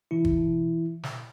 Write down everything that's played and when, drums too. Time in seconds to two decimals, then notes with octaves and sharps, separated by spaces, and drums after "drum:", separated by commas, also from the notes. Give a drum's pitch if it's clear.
0.11 B2 E3 E4
0.25 drum: kick
0.37 B2
1.03 drum: snare